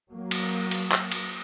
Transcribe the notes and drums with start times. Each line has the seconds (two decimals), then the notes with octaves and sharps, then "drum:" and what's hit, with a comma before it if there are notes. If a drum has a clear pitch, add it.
0.11 F#3 A#3
0.31 drum: cymbal
0.71 drum: cymbal
0.91 drum: clap
1.12 drum: cymbal